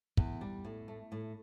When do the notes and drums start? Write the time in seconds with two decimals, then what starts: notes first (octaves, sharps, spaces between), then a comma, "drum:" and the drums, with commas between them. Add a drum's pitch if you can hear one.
0.17 E2, drum: kick
0.41 G3
0.65 A2
0.88 A3
1.12 A2